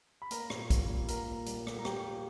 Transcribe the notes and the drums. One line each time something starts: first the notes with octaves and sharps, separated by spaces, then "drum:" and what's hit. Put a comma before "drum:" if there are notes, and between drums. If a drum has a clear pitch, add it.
B5
A#3 A#4 A#5, drum: hi-hat
A#2, drum: rim click
G3, drum: kick, hi-hat
A#2
A#3 A#4 A#5, drum: hi-hat
A#2
G3, drum: hi-hat
A#2, drum: rim click
A#5
G3 G4 G5, drum: rim click
A#3